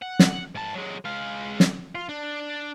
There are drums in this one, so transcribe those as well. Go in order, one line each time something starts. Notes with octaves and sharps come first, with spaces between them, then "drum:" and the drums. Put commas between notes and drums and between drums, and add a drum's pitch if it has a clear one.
F#5
drum: snare
G#2 A5
F#3 G#3
G#3 F5
drum: snare
F4
D4